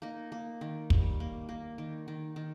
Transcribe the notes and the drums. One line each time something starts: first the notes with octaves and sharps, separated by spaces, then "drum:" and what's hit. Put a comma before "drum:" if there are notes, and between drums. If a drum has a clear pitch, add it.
A#3 D#4
A#3
D#3
G3, drum: kick
A#3
A#3
D#3
D#3
D#3